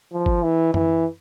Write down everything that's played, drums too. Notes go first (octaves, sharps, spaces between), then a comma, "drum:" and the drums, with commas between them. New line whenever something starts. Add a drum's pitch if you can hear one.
F3
drum: kick G1
E3
E3, drum: tom F#2